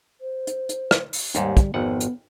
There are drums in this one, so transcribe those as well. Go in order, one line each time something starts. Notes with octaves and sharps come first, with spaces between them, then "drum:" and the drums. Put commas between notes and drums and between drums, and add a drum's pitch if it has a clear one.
C5
drum: hi-hat
drum: hi-hat
drum: rim click
drum: open hi-hat
D#2 G#2 G3, drum: hi-hat
drum: kick, hi-hat
G#1 F2 B3 F#5
drum: hi-hat